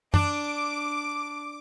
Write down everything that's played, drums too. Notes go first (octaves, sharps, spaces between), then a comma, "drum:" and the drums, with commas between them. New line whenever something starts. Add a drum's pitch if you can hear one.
D4 D6, drum: tom F#2